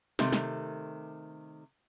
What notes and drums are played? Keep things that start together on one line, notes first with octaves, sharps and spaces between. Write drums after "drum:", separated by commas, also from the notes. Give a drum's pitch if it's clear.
C3 D#3 A3, drum: snare
drum: snare